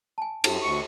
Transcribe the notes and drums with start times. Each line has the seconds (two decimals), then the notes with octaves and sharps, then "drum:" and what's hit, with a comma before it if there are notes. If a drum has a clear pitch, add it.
0.18 G#5 A5
0.44 F#2 D#4 G4 D#6, drum: cymbal
0.62 D2 C#6